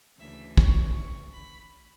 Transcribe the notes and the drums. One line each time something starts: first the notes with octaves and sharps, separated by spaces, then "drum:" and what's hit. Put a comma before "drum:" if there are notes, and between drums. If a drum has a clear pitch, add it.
D2 C#3 E3 E5
C#6, drum: kick
C#6
B5